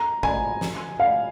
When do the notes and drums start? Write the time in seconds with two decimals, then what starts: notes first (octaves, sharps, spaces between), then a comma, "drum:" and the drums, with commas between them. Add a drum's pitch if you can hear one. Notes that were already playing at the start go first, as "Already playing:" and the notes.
Already playing: A#5
0.23 G#5, drum: kick
0.61 drum: snare
1.00 F5